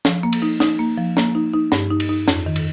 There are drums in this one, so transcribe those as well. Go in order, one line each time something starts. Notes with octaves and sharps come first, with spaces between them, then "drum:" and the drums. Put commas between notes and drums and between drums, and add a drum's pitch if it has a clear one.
F3, drum: snare
A#3
drum: cymbal
D#4
D#4, drum: snare
A#3
F3
A#3, drum: snare
D#4
D#4
G2, drum: snare
D#4
drum: cymbal
D#4
F2, drum: snare
D#3
drum: cymbal